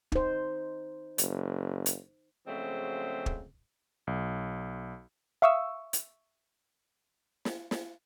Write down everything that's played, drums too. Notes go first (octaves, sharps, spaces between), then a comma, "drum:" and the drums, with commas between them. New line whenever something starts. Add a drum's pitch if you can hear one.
D#4 C5, drum: kick
F#1, drum: hi-hat
drum: hi-hat
C#3 F3 F#3 G#3 A3 C4
drum: kick
B1
E5 F5 C#6 D#6 E6
drum: hi-hat
drum: snare
drum: snare